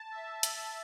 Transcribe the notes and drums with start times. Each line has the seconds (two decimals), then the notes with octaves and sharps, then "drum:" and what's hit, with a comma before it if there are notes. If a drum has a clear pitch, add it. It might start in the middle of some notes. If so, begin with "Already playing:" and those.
Already playing: A5
0.11 E5
0.43 drum: hi-hat